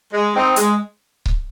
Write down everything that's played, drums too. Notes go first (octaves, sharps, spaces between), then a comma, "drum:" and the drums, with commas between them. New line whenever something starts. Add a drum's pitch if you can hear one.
G#3
C4 D#4
G#3, drum: hi-hat
drum: kick C#1